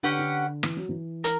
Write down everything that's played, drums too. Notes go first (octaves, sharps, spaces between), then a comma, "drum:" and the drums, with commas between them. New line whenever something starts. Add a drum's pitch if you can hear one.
D3 C#4 G4 B4 F#5
D3
E3, drum: rim click
F#3
E3
A#4, drum: hi-hat